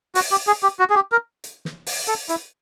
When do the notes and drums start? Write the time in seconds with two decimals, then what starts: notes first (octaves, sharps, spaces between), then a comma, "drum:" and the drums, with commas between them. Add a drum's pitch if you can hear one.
0.15 F#4, drum: open hi-hat
0.31 G4
0.47 G#4
0.63 G4
0.79 F#4
0.90 G#4
0.95 G4
1.12 A#4
1.44 drum: hi-hat
1.65 drum: snare
1.86 drum: open hi-hat
2.08 A4
2.29 E4, drum: hi-hat